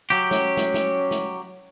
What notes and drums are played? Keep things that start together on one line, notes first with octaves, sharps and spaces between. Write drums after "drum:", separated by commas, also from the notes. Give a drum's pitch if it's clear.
F#3 G4
C#4, drum: snare
drum: snare
drum: snare
drum: snare